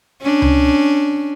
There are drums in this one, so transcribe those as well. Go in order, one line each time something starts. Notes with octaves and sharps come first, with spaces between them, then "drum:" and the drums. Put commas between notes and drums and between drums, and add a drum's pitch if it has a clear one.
C#4 D4
drum: tom C#2